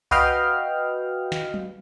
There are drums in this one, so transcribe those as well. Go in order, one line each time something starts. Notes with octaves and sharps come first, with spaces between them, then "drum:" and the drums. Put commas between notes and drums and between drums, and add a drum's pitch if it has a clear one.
F#4 B4 D#5 F5 G5 F6, drum: kick C2
drum: snare
drum: tom F#3